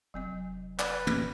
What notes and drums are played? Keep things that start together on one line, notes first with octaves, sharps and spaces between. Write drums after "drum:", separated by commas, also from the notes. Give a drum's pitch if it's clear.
F1 F#3 C4 D#5
B4 D5, drum: clap
drum: tom